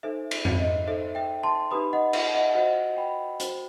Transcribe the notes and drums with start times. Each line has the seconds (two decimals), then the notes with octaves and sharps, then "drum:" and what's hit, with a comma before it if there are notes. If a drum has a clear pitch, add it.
0.03 D#4 A4 C5 E5
0.31 E5, drum: cymbal
0.45 drum: tom F2
0.60 D#5
0.87 D#4 A4 C5 E5
1.15 E5 G5
1.43 A5 C6
1.71 D#4 G4 B4 B5 D#6
1.93 D#5 F#5
2.13 E5, drum: cymbal
2.34 D#5 F#5
2.55 F#4 C5 D#5 F#5
2.97 G5 B5
3.40 F#4 C5, drum: hi-hat